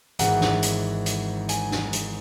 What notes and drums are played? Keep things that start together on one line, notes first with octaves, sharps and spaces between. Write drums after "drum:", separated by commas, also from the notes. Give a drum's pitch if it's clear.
G#1 G#2 E3 F#5, drum: hi-hat
drum: snare
drum: hi-hat
drum: hi-hat
G#5, drum: hi-hat
drum: snare
drum: hi-hat